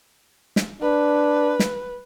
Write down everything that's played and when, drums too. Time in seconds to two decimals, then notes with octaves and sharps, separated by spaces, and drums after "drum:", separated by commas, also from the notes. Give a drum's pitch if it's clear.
0.56 drum: snare
0.82 D4 B4
1.59 drum: snare